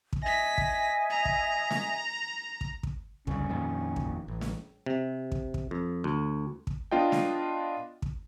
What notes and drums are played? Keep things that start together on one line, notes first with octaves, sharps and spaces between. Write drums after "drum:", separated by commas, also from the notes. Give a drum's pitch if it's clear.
drum: kick
D#5 E5 G#5 A#6 B6
drum: kick
A#5
drum: kick
drum: snare
drum: kick
drum: kick
D2 G2 C#3 C#4, drum: kick
F2 A#2 D#3
drum: kick
A1
drum: snare
C3
drum: kick
drum: kick
F2
D2
drum: kick
B3 D4 F4 D#5 G5
drum: snare
drum: kick